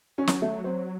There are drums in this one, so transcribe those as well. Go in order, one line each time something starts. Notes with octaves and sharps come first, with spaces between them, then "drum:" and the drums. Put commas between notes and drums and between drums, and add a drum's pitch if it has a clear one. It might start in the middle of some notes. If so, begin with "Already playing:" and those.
F#3 C#4
drum: snare
A3
C4